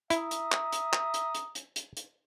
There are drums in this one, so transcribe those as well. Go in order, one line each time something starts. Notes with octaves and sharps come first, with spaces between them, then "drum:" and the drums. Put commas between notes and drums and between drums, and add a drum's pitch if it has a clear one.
E4 E5 A#5 D#6, drum: hi-hat
drum: hi-hat
drum: clap
drum: hi-hat
drum: clap
drum: hi-hat
drum: hi-hat
drum: hi-hat
drum: hi-hat
drum: hi-hat